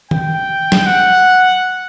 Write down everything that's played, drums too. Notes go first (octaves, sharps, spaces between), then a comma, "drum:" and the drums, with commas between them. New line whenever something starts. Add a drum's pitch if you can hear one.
G5, drum: tom D#3
drum: snare
F#5